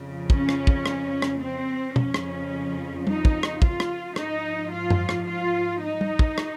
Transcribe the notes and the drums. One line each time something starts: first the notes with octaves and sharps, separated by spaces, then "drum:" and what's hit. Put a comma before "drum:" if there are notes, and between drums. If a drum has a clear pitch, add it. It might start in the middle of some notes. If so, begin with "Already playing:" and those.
Already playing: F2 C#3 F3
C#4, drum: kick
drum: rim click
drum: kick
drum: rim click
drum: rim click
C4
F2 C#3 F3 C#4, drum: tom
drum: rim click
D#4, drum: tom
drum: kick
drum: rim click
F4, drum: kick
drum: rim click
G#2 F3 D#4, drum: rim click
F4
drum: tom F#2
drum: rim click
F4
D#4
drum: tom
drum: kick
drum: rim click